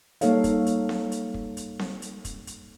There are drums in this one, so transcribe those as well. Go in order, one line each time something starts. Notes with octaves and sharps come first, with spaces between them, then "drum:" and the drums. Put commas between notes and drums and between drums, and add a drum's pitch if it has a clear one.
G3 A#3 D#4 A4 C#5 F5, drum: hi-hat
drum: kick, hi-hat
drum: hi-hat
drum: snare C4
drum: hi-hat
drum: kick
drum: hi-hat
drum: snare C4
drum: hi-hat
drum: kick, hi-hat
drum: hi-hat